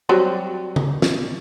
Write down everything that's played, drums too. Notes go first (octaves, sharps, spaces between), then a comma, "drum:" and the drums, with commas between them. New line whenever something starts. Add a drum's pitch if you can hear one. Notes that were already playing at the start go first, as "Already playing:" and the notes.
F#3 G3 C4
drum: tom C#3
drum: snare